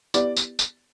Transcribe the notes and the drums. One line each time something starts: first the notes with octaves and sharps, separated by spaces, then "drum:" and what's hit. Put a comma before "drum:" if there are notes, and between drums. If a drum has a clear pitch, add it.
B3 E4 G4 B4 D5, drum: tambourine
drum: tambourine
drum: tambourine